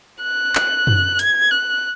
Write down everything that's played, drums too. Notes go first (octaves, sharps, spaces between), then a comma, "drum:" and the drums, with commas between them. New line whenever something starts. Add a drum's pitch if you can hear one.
F#6
drum: clap
drum: tom F#2
G#6, drum: hi-hat
F#6